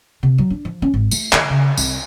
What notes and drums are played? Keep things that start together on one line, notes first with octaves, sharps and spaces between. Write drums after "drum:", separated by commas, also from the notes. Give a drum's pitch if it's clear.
C3
F#3
D4
F3
C#4
G#1
A3, drum: tambourine
D#3, drum: clap
C#3
C2, drum: tambourine